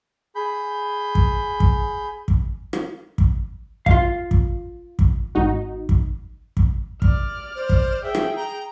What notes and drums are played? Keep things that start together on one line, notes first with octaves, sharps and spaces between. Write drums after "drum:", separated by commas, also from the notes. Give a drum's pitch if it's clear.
G#4 B5 G6
drum: kick
drum: kick
drum: kick
drum: rim click
drum: kick
F4 F5, drum: kick
drum: kick
drum: kick
G#1 D#4 F#4
drum: kick
drum: kick
D5 F6, drum: kick
C5
drum: kick
G#4 E5 G5
drum: rim click
A#5